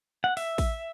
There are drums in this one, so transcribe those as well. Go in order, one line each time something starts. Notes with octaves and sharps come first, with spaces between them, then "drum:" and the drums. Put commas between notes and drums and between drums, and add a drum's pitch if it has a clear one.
F#5
E5, drum: open hi-hat
drum: kick, open hi-hat